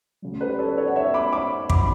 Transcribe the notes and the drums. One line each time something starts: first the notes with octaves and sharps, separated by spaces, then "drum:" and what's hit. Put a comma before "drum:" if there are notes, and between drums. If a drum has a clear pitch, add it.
D2 C#3 F#3
G4 B4
A4 C#5
A4 C#5
F#5
C#5 E5
B5 D6
B5 D6
B5 D6, drum: kick